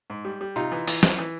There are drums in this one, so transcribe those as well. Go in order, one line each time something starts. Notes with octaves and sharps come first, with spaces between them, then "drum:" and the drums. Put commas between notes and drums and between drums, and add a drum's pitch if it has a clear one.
G#2
G3
G3
C3 D#4 F4
E3
E3, drum: open hi-hat
E3, drum: snare
E3